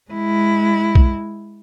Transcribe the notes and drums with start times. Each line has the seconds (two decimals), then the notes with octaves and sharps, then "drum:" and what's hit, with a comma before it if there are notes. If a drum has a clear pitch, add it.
0.11 G#3 E4
0.95 drum: kick B1